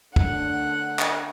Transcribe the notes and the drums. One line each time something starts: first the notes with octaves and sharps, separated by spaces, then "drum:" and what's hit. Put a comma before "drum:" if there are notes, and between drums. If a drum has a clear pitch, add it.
D3 A3 D4 F#5, drum: kick
drum: clap